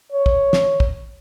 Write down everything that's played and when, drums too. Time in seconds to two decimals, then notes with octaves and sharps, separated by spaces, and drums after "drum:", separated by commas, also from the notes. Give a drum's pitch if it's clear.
0.12 C#5
0.26 drum: kick
0.53 drum: snare
0.80 drum: kick